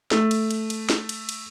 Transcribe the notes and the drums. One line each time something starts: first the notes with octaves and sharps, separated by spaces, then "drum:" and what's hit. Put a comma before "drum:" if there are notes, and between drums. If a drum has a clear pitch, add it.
A3, drum: snare
drum: cymbal
drum: cymbal
drum: cymbal
drum: snare
drum: cymbal
drum: cymbal